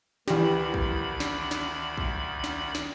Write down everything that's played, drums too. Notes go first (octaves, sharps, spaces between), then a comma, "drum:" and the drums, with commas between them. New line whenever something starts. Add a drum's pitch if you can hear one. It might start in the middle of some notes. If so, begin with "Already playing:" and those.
D2 D#3 E3 G4 B5, drum: snare
drum: kick
drum: snare
drum: snare
drum: kick
drum: snare
drum: snare